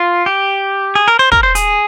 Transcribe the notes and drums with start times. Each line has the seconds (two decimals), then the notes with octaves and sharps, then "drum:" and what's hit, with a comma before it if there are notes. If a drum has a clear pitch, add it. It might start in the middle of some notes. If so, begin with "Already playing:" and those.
Already playing: F4
0.26 G4
0.95 G#4
1.08 A#4
1.19 C5
1.32 A#4, drum: kick
1.43 C5
1.55 G#4, drum: hi-hat